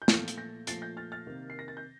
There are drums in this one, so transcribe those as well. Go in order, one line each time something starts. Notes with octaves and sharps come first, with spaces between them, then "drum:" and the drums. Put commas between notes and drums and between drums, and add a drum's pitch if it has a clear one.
G6
A#2 F3 A3 F6 A6, drum: snare
drum: hi-hat
G6 A#6
A#2 F3 A3 A6 C7, drum: hi-hat
G6 A#6
F6 A6
F6 A6
C3 D#3 A#3
C7
A#6
A6
G6